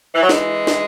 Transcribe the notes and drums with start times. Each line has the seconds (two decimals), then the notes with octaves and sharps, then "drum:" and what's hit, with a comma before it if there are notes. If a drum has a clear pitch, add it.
0.15 E3
0.22 F#3
0.29 E3 G#3, drum: snare
0.67 drum: snare